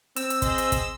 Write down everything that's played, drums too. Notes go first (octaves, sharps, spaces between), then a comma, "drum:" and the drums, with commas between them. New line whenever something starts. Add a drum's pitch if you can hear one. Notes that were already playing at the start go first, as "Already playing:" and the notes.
C4 E6, drum: hi-hat
drum: hi-hat
G#4 C5 D#5, drum: kick, hi-hat
drum: hi-hat
drum: kick, hi-hat